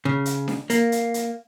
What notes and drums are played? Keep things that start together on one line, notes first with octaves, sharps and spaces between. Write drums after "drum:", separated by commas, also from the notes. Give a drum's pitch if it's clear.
C#3
drum: hi-hat
drum: snare D4
A#3, drum: hi-hat
drum: hi-hat
drum: hi-hat